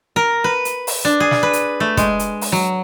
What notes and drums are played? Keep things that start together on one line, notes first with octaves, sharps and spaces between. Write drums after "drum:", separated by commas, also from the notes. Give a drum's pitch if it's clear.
A#4
B4
drum: hi-hat
drum: open hi-hat
D4
G#4
drum: snare
B4
drum: hi-hat
A3
G#3, drum: kick, hi-hat
drum: hi-hat
drum: open hi-hat
F#3